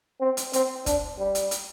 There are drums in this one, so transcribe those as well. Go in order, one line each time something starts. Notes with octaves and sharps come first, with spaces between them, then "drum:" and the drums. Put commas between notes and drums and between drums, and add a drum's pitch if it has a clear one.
C4
drum: hi-hat
C4, drum: hi-hat
D4, drum: kick, hi-hat
G3
drum: hi-hat
drum: hi-hat